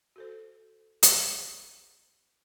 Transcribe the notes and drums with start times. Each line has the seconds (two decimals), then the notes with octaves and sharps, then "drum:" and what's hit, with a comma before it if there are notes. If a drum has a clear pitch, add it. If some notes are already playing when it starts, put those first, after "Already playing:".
0.16 F#4 A4 C5
1.03 drum: hi-hat